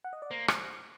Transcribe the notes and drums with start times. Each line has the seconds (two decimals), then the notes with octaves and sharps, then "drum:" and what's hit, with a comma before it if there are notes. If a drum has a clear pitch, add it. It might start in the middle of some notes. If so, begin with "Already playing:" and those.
0.04 F#5
0.13 D#5
0.22 D5
0.31 A#3 C5
0.48 drum: rim click